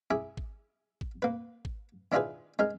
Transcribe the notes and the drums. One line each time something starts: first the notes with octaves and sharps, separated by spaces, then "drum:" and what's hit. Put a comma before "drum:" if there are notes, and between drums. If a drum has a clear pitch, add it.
E4 G#4 D6
drum: kick
drum: kick
A#3 B4
drum: kick
D#3 D4 E4 F4 G#4 B4
G#3 D#4 A#4